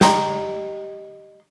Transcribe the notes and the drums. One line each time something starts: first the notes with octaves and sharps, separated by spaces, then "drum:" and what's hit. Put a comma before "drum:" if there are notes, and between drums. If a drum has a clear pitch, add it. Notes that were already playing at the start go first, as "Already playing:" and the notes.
G4 D#5 A#5 C6, drum: snare